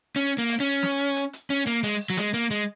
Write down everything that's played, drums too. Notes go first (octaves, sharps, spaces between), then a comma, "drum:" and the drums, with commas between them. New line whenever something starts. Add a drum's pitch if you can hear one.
C#4, drum: hi-hat
A#3
drum: open hi-hat
C#4
drum: snare
drum: hi-hat
drum: hi-hat
drum: hi-hat
C#4
A#3, drum: hi-hat
G#3, drum: open hi-hat
F#3
G#3, drum: snare
A#3, drum: hi-hat
G#3